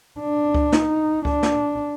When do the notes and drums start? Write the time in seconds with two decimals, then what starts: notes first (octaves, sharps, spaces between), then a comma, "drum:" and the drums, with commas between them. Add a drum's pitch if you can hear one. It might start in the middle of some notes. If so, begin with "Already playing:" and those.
0.19 D4
0.54 drum: kick C#2
0.72 D#4, drum: snare
1.25 D4, drum: kick C#2
1.43 drum: snare